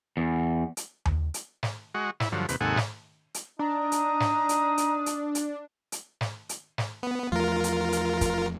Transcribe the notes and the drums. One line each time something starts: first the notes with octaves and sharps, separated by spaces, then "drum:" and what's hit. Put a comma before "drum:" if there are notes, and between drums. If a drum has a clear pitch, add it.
E2
drum: hi-hat
drum: tom D#2
drum: hi-hat
drum: snare
G#3 F#4
E4, drum: snare
G2 D3 F3 F#3
D#2 C3 B4, drum: hi-hat
D#2 G#2 C3 A4 F#5 G#5
drum: snare
drum: hi-hat
D4 D#4 A#5 D#6
drum: hi-hat
drum: snare
drum: hi-hat
drum: hi-hat
drum: hi-hat
drum: hi-hat
drum: hi-hat
drum: snare
drum: hi-hat
drum: snare
B3
E2 F3 A3 F4 A#4
drum: hi-hat
drum: hi-hat
drum: kick, hi-hat